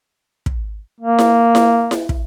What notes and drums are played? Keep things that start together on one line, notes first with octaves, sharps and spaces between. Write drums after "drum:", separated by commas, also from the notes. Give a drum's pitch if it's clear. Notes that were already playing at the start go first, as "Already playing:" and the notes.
drum: kick
A#3
drum: snare E4
drum: snare E4
drum: snare E4
drum: kick